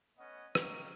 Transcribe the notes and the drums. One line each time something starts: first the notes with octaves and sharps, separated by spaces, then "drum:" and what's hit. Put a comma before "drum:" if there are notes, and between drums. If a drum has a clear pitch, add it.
A3 B3 C#4 D#5 F#5
D#4 G4 A#4 D#5 F5 C#6, drum: rim click